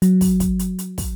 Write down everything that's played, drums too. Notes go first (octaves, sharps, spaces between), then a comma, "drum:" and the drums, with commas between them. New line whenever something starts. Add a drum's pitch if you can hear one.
F#3, drum: hi-hat
drum: kick, open hi-hat
drum: kick, hi-hat
drum: hi-hat
drum: hi-hat
drum: kick, open hi-hat